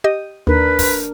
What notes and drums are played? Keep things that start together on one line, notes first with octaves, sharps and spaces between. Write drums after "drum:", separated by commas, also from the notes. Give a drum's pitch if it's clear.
G4 D#5
D#2 D4 A#4 B4
drum: kick, open hi-hat